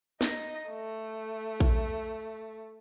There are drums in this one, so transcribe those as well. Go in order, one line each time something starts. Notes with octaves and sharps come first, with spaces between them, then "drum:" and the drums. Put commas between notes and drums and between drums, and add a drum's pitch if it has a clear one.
D#4 D#5, drum: snare
A3
drum: kick A#1